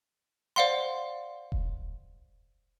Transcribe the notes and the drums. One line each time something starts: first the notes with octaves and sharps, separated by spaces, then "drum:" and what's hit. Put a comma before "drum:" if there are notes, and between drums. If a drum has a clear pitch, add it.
C5 D5 F5 F#5 C6
drum: kick E1